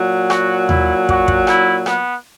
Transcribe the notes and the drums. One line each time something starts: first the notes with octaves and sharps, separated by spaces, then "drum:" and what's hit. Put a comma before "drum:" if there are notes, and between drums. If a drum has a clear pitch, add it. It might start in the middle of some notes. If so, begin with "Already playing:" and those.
Already playing: A#2 F#3
F#4, drum: rim click
E4, drum: tom D#2
F#4, drum: kick
drum: kick
E4, drum: rim click
B3, drum: rim click